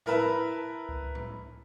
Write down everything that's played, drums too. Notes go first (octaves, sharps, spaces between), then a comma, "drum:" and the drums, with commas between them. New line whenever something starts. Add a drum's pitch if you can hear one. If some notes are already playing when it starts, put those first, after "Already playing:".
E4 A#4 B4 E5 A5, drum: tom A2
drum: kick C#2
drum: tom A2